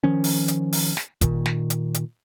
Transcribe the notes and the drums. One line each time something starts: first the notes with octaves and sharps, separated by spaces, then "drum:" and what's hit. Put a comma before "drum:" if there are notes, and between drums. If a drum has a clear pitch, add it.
D#3 F3 C#4
drum: open hi-hat
drum: hi-hat
drum: open hi-hat
drum: snare
A#2 D#3, drum: kick, hi-hat
drum: snare
drum: hi-hat
drum: hi-hat